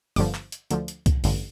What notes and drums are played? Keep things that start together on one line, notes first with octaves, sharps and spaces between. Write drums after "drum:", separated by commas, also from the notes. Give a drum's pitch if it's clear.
G1 G2 D3 F3 D6, drum: open hi-hat
drum: clap
drum: hi-hat
D2 D3 F3, drum: hi-hat
drum: hi-hat
drum: kick, hi-hat
A1 G2 D3, drum: open hi-hat